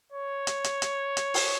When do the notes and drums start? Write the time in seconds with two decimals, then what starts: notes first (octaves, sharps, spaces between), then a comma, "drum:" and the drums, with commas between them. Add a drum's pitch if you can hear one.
0.12 C#5
0.47 drum: hi-hat
0.64 drum: hi-hat
0.82 drum: hi-hat
1.17 drum: hi-hat
1.34 drum: open hi-hat